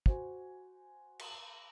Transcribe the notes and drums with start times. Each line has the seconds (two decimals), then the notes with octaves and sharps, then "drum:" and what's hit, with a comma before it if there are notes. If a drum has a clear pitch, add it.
0.06 F#4 C5 G#5, drum: kick
1.19 drum: cymbal